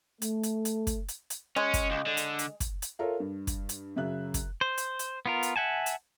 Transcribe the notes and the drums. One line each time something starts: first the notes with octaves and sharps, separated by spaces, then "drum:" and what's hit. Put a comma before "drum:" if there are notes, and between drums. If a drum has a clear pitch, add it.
A3, drum: hi-hat
drum: hi-hat
drum: hi-hat
drum: kick, hi-hat
drum: hi-hat
drum: hi-hat
G#3 C#4
drum: kick, hi-hat
C#2
D3
drum: hi-hat
drum: hi-hat
drum: kick, hi-hat
drum: hi-hat
F4 A4 A#4 C#5 E5
G2
drum: kick, hi-hat
drum: hi-hat
F#2 C#3 E5 F#6
drum: kick, hi-hat
C5
drum: hi-hat
drum: hi-hat
B3 F4 A#4
drum: hi-hat
E5 F#5 G#5 A5
drum: hi-hat